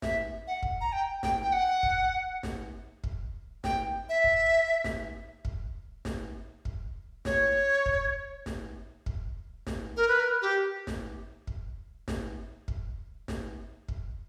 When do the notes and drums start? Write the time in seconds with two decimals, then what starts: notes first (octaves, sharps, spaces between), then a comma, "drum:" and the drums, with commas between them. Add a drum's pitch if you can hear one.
0.02 E5, drum: snare
0.47 F#5
0.63 drum: kick
0.81 A#5
0.92 G5
1.23 G5, drum: snare
1.43 G5
1.52 F#5
1.83 drum: kick
2.43 drum: snare
3.04 drum: kick
3.64 G5, drum: snare
4.09 E5
4.24 drum: kick
4.84 drum: snare
5.45 drum: kick
6.05 drum: snare
6.65 drum: kick
7.25 C#5, drum: snare
7.86 drum: kick
8.46 drum: snare
9.06 drum: kick
9.67 drum: snare
9.96 A#4
10.08 B4
10.20 A#4
10.42 G4
10.87 drum: snare
11.47 drum: kick
12.08 drum: snare
12.68 drum: kick
13.28 drum: snare
13.88 drum: kick